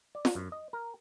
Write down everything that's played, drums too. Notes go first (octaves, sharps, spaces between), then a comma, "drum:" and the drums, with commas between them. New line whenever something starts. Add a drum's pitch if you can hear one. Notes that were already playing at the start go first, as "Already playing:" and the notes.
D5
drum: snare
F#2
D#5
A#4